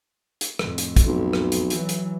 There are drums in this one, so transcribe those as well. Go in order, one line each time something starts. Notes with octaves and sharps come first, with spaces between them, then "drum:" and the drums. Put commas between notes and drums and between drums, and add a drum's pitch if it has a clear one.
drum: hi-hat
F2 A2, drum: rim click
drum: hi-hat
drum: kick, hi-hat
B1
drum: rim click
drum: hi-hat
E3 F#3, drum: hi-hat
drum: hi-hat